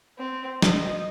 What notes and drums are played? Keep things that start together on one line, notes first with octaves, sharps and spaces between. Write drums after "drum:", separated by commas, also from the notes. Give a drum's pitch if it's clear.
C4
D#5, drum: snare